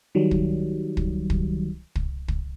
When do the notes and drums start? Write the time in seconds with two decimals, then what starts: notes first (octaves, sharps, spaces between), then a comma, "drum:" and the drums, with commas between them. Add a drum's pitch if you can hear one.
0.15 D#3 F#3 G3
0.31 drum: kick
0.97 drum: kick
1.30 drum: kick
1.95 drum: kick
2.28 drum: kick